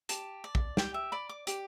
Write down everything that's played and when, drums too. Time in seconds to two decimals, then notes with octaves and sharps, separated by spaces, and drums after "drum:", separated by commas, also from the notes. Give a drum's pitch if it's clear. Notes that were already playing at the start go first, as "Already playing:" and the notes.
0.09 G4 A5, drum: hi-hat
0.44 D5
0.55 drum: kick
0.77 G4 G5, drum: snare
0.94 E5
1.12 D5 B5
1.29 D6
1.47 G4, drum: hi-hat